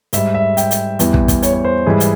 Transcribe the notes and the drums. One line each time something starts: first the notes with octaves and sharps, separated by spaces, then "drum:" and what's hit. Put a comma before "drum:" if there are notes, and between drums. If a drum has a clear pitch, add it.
G#2 G3 E5, drum: hi-hat
E5
G5, drum: hi-hat
drum: hi-hat
E2 E3 G3, drum: hi-hat
drum: kick
drum: kick, hi-hat
C#5, drum: hi-hat
C#5
C5
G#2 E3 G3 G#4
drum: hi-hat